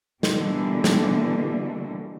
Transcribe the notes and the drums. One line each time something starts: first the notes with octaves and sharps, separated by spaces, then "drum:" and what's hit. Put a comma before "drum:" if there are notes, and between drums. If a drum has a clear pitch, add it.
B2 D3 E3 G3 A#3, drum: snare
drum: snare